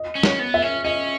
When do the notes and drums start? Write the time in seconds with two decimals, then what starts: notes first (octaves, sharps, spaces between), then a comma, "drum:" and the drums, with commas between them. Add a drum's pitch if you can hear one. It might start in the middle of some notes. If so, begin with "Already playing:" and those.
Already playing: D#5
0.15 C#4
0.23 C#5, drum: snare
0.39 B3
0.54 E5
0.62 C#4
0.85 C#4 D#5